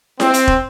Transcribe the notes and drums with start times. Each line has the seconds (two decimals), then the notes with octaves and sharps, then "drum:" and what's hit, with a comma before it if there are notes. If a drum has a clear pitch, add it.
0.20 C4, drum: snare E4
0.34 drum: hi-hat
0.48 drum: kick